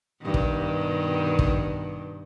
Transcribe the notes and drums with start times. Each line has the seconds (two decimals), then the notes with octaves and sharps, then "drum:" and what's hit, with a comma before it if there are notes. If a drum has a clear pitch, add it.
0.21 G2 B2 D#3
0.34 drum: kick
1.39 drum: kick